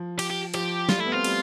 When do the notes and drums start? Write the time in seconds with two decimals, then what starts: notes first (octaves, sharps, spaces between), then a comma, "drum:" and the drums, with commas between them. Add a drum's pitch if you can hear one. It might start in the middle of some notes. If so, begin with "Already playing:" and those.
Already playing: F3
0.19 G4, drum: cymbal
0.30 G4
0.54 F3 G4, drum: cymbal
0.89 G3 F4, drum: snare
0.98 A3 E4
1.07 B3
1.12 C4 F4
1.24 G3, drum: cymbal